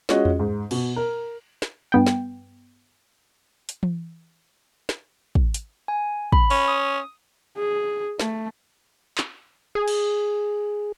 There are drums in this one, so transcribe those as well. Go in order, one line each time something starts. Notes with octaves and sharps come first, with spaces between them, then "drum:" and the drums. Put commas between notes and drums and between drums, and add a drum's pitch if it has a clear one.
G#3 C#4 F4 F#4 D#5, drum: snare
drum: tom E2
G#2
B2, drum: cymbal
A#4
drum: snare
G2 B3 G5
drum: snare
drum: hi-hat
drum: tom E3
drum: snare
drum: kick
drum: hi-hat
G#5
B5, drum: kick
C#4, drum: open hi-hat
D#6
G#4
A3, drum: snare
drum: clap
G#4
drum: cymbal